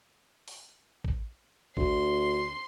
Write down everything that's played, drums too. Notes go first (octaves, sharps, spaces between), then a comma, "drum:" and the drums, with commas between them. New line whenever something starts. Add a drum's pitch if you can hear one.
drum: open hi-hat
drum: kick
D2 C6, drum: kick